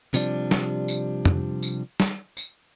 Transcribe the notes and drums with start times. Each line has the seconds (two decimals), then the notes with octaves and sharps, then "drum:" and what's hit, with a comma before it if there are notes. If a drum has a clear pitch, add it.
0.14 C3 F3 G3 D4, drum: tambourine
0.51 drum: snare
0.88 drum: tambourine
1.25 drum: tom F2
1.63 drum: tambourine
2.00 drum: snare
2.37 drum: tambourine